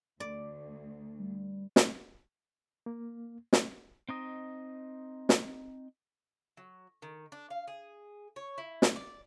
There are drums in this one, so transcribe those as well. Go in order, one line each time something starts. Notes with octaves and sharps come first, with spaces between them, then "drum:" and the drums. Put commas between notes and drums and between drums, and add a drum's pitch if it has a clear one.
D2 D5
G3
drum: snare
A#3
drum: snare
C4 D#4 D#5
drum: snare
F#3
D#3
D4
F5
G#4
C#5
E4
drum: snare
D5